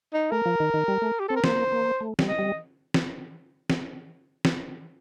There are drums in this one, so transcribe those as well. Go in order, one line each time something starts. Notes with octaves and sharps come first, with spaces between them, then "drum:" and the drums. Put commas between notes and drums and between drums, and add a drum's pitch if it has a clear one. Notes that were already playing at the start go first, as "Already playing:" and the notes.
D#4
A3 A#4
F3
D#3
D#3
G3
A3
G4
C4 A4
A#4
A#3 C5, drum: snare
A#3
A3
G3, drum: snare
D#5
G3
drum: snare
drum: snare
drum: snare